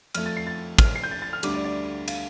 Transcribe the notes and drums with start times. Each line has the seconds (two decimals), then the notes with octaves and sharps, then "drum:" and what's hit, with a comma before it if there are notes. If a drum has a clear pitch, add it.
0.15 F2 F3 A3 F6, drum: cymbal
0.26 A6
0.37 C7
0.47 A6
0.79 F6, drum: kick, cymbal
0.96 C7
1.04 G6
1.11 A6
1.22 A6
1.33 F6
1.43 D2 D3 G3 D6, drum: cymbal
1.54 D5
1.64 D5
2.08 F5, drum: cymbal